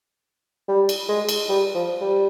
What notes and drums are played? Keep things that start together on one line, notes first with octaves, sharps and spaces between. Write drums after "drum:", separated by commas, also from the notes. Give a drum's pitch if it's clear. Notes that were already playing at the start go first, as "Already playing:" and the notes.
G3
drum: cymbal
G#3
drum: cymbal
G3
F3
G3